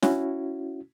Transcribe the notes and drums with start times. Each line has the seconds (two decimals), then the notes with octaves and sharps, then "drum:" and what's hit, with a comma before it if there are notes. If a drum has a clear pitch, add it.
0.03 C#4 E4 F#4, drum: snare